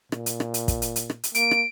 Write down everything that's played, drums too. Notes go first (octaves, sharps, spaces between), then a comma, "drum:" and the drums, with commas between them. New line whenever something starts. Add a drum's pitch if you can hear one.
A#2, drum: rim click
drum: hi-hat
drum: rim click
drum: hi-hat
drum: kick, hi-hat
drum: hi-hat
drum: hi-hat
drum: rim click
drum: hi-hat
A#3 D7, drum: hi-hat
drum: rim click